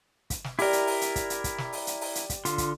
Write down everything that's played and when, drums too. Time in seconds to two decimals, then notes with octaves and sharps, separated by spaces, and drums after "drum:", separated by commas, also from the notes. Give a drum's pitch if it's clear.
0.30 drum: kick, hi-hat
0.44 drum: snare
0.59 E4 G4 A#4 D5, drum: open hi-hat
0.73 drum: hi-hat
0.87 drum: open hi-hat
1.01 drum: hi-hat
1.16 drum: kick, hi-hat
1.30 drum: hi-hat
1.44 drum: kick, hi-hat
1.58 drum: snare
1.73 drum: open hi-hat
1.87 drum: hi-hat
2.01 drum: open hi-hat
2.15 drum: hi-hat
2.30 drum: kick, hi-hat
2.45 D3 F4, drum: hi-hat
2.58 drum: kick, hi-hat